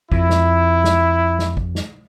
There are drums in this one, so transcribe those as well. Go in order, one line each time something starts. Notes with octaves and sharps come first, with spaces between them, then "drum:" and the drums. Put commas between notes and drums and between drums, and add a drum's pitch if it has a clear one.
F2 E4, drum: kick
drum: snare
drum: snare
drum: snare
drum: kick
drum: snare